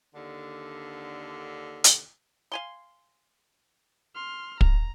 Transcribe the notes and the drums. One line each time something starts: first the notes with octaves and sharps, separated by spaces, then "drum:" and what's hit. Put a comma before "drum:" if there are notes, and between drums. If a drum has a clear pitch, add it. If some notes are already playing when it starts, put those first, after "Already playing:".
D#2 D3
drum: hi-hat
F5 G#5 C6
C6 F6
A#5, drum: kick